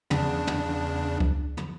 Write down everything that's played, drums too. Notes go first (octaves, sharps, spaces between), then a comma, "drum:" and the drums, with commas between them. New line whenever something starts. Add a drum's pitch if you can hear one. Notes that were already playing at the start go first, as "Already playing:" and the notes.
E2 C#3 D4, drum: tom
drum: tom
drum: kick C#2
drum: tom